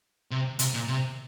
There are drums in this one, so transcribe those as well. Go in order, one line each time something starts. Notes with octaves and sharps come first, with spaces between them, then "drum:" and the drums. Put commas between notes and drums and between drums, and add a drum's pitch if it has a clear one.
C3
C3, drum: hi-hat
A#2
C3